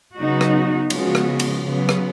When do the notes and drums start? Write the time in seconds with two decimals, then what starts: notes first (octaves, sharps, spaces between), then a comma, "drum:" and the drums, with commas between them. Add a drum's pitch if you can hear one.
0.16 C#3 F#3 B3 D#4 F#4
0.41 drum: rim click
0.90 C#3 F3 G#3 B3 F#4, drum: cymbal
1.15 drum: rim click
1.40 drum: cymbal
1.64 C#3 F#3 B3
1.89 drum: rim click